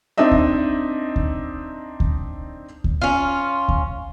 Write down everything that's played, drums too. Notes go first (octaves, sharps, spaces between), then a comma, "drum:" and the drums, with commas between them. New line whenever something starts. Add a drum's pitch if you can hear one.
C4 D4 D#4 D#5 E5
drum: kick D2
drum: kick D2
drum: kick D2
drum: kick D2
C#4 F4
drum: kick D2